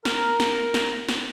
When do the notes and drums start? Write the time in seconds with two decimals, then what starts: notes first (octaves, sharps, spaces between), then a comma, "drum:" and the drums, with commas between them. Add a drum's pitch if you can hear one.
0.05 A#4, drum: snare
0.40 drum: snare
0.74 drum: snare
1.09 drum: snare